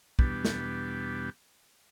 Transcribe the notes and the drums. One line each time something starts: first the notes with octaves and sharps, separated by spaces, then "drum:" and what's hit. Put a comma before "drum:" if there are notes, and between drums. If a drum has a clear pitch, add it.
E2 B2 G3 B3 D4 G4, drum: kick
drum: snare